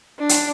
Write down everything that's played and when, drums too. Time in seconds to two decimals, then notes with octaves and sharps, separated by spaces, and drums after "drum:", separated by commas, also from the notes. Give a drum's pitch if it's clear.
0.19 D4
0.29 drum: hi-hat